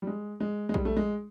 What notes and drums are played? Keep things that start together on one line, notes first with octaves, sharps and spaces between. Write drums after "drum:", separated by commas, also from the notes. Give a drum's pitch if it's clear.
G3
G#3
G#3
G#3
G3, drum: kick A#1
A3
G#3